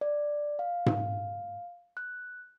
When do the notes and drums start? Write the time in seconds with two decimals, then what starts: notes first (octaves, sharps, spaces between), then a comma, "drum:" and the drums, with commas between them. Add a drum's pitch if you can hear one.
0.01 D5
0.59 F5
0.86 drum: tom G#2
1.97 F#6